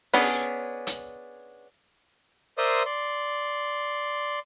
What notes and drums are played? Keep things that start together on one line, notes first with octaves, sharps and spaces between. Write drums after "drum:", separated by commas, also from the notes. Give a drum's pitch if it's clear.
B3 C#4 D4 G#4, drum: open hi-hat
drum: hi-hat
A#4 C5 D5 E5 C6 D#6
D5 C6